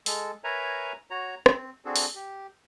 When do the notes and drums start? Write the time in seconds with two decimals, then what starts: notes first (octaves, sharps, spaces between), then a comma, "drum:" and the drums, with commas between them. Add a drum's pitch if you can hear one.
0.06 G#3 A4, drum: open hi-hat
0.44 A#4 B4 C#5 E5 G#5 A#5
1.10 F#4 C#5 A#5
1.46 C4, drum: rim click
1.85 C4 D4 F#4 G#4 A4
1.96 drum: open hi-hat
2.15 G4